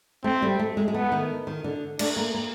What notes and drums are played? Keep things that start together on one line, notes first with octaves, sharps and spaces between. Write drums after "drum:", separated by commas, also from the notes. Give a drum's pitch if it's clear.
A3 C4
G3
A3
G#3
G#3
A3 B3
D#3
D#3
D3
A3 D4, drum: cymbal
A#3
A#3